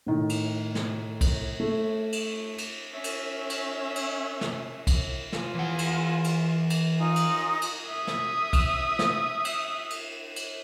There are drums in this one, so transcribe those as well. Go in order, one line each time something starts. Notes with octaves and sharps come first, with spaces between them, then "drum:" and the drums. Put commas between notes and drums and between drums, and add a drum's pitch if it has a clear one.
A2 D#3
drum: cymbal
drum: snare
drum: kick, cymbal
A3
drum: cymbal
drum: cymbal
C#4 E5
drum: cymbal
drum: cymbal
drum: cymbal
drum: snare
drum: kick, cymbal
F4 G#5, drum: snare
E3 F#5
drum: cymbal
drum: cymbal
drum: cymbal
D#4 F4 G#5
drum: cymbal
drum: cymbal
E5 D#6
drum: snare
drum: kick, cymbal
drum: snare
drum: cymbal
drum: cymbal
drum: cymbal